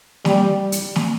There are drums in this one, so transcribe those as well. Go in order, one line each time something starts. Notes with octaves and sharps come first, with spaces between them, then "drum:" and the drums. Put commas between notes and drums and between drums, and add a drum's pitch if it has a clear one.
G3, drum: snare
drum: hi-hat
drum: snare